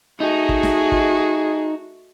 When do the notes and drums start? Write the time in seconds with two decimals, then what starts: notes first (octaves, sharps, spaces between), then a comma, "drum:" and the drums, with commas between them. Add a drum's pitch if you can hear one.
0.20 A3 D#4 F#4 G#4 D#5
0.49 drum: kick
0.63 drum: snare
0.92 drum: kick